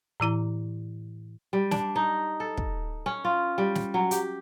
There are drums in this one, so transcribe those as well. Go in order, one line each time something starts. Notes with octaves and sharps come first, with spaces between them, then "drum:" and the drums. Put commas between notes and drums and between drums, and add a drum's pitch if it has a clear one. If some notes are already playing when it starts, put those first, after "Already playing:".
A2 E3 E4 A#5
G3
D4, drum: snare
D#4
A4
drum: kick
C#4
F4
G3
drum: snare
F#3
G4, drum: hi-hat